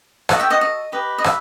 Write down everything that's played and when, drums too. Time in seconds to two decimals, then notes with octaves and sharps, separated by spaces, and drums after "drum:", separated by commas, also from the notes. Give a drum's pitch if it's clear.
0.29 F#4 A4 D#5 F#5 A5, drum: rim click
0.40 E5 G5
0.50 D#5 F#5
0.61 D#5
0.92 G4 B4 D#5
1.18 D#5
1.24 E5, drum: rim click